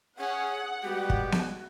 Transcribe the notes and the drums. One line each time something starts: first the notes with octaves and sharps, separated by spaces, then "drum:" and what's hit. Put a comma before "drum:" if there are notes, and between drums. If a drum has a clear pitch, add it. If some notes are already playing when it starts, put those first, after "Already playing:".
C#4 G#4 F#5
G3 G#3 B3 F#4 G4
drum: kick
drum: snare B3